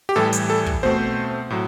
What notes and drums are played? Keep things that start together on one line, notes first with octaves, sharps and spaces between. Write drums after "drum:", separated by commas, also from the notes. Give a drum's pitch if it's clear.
G4
A2 E3 G3 A4
drum: hi-hat
A4
drum: kick
B2 A3 C4 C5
A2 F#3